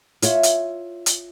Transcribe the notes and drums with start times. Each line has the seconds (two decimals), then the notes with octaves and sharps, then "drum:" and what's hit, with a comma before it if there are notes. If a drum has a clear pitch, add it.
0.22 F4 C#5 E5, drum: hi-hat
0.43 drum: hi-hat
1.06 drum: hi-hat